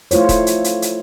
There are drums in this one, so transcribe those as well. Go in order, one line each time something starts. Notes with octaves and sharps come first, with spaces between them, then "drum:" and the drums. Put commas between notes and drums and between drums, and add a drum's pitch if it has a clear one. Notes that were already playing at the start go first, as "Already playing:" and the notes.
A3 E4 F4 C5 C#5, drum: hi-hat
drum: kick D#1, hi-hat
drum: hi-hat
drum: hi-hat
drum: hi-hat